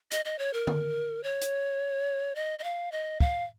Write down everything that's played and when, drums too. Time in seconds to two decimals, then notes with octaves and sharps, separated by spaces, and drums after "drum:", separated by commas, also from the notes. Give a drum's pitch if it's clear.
0.12 D#5, drum: hi-hat
0.25 D#5
0.39 C#5
0.53 A#4
0.67 drum: tom D3
1.23 C#5
1.41 drum: hi-hat
2.35 D#5
2.59 D#5
2.64 F5
2.92 D#5
3.20 F5, drum: kick